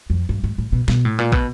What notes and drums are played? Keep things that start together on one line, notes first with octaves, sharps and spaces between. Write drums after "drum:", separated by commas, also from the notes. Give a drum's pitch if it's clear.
F2
G2
G#2
A2
B2
B2, drum: snare
A2
A#2
B2, drum: kick